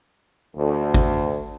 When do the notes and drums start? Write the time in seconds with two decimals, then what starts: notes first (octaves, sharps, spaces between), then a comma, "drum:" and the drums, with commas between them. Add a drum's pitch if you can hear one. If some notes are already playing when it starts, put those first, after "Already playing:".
0.57 D2
0.94 drum: kick